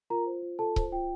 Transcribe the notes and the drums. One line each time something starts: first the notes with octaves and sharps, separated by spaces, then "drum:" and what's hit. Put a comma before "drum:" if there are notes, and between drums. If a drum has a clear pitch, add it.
F4 A#4 A#5
C5
F4
F4 A4 A5
C5, drum: kick C#1
F4 G5